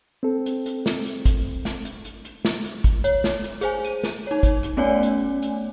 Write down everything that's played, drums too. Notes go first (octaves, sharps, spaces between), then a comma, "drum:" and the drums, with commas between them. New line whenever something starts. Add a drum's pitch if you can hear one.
C4 A4
drum: hi-hat
drum: hi-hat
drum: snare
drum: hi-hat
drum: kick, hi-hat
drum: snare
drum: hi-hat
drum: hi-hat
drum: hi-hat
drum: snare
drum: hi-hat
drum: kick, hi-hat
C#5, drum: hi-hat
drum: snare
drum: hi-hat
G#4 C5 G#5, drum: hi-hat
D#7, drum: hi-hat
drum: snare
D#4 C#5
drum: kick, hi-hat
drum: hi-hat
A3 B3 C#4 C#5 D5 G#5
drum: hi-hat
drum: hi-hat